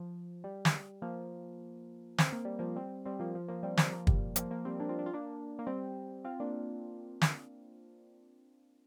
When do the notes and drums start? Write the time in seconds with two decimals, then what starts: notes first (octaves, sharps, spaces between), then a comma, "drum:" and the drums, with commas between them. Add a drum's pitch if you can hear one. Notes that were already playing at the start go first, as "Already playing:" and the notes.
Already playing: F3
0.44 G3
0.65 drum: snare
1.02 F3 A#3
2.18 C4, drum: snare
2.32 A#3
2.45 G3
2.59 F3 A#3
2.76 G3 C4
3.05 G3 C4
3.20 F3 A#3
3.35 F3
3.48 F3 A#3
3.63 G3 C4
3.77 F3 A#3, drum: snare
3.92 F3 A#3
4.07 G3, drum: kick
4.36 F3 A#3, drum: hi-hat
4.51 F3 A#3
4.65 G3 C4
4.80 A#3 D4
4.89 C4 F4
4.99 D4
5.06 F4
5.13 A#3 D4
5.59 A#3
5.67 G3 C4
6.25 C4 F4
6.40 A#3 D4
7.22 drum: snare